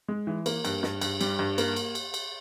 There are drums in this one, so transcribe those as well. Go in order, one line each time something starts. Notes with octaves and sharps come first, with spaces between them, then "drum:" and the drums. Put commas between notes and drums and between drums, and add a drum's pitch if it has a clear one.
G#3
E3
A#3, drum: cymbal
G2, drum: cymbal
G2, drum: snare
G2, drum: cymbal
G3, drum: cymbal
G2
A#3, drum: cymbal
drum: cymbal
drum: cymbal
drum: cymbal